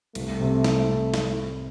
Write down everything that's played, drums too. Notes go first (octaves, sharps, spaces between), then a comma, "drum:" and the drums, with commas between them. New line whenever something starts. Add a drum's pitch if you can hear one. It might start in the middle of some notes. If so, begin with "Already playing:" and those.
C2 A3, drum: cymbal
C3
C3, drum: snare
C3
drum: snare